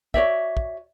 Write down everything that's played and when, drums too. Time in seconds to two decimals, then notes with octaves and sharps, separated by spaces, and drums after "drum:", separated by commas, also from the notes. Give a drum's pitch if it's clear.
0.14 F#4 C#5 D5 E5, drum: kick
0.57 drum: kick